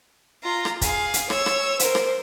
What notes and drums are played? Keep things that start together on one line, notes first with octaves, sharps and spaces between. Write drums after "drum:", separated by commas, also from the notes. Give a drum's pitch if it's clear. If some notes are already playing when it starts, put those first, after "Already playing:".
F4 A#5
drum: rim click
G#4 F5, drum: kick, hi-hat
drum: hi-hat
C#5 E6, drum: rim click
drum: rim click
A#4 C5, drum: hi-hat
drum: rim click